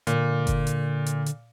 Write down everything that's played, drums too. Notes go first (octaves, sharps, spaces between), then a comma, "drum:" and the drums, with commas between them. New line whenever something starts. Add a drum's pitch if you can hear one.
A#2 D3, drum: hi-hat
drum: kick G1, hi-hat
drum: hi-hat
drum: hi-hat
drum: hi-hat